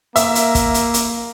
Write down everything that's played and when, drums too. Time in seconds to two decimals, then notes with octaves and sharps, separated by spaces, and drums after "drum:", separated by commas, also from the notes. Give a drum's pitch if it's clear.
0.16 A#3 E5, drum: hi-hat
0.35 drum: hi-hat
0.55 drum: kick, hi-hat
0.74 drum: hi-hat
0.94 drum: hi-hat